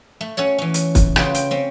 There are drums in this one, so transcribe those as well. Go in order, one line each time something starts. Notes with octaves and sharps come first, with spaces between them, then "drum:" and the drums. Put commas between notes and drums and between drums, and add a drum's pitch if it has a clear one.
A3
C#4 F#4 A4 C#5
E3 C#4
drum: hi-hat
drum: kick, hi-hat
C#3 F4 F#4 B4 G5, drum: rim click
G5, drum: hi-hat
C4 C#4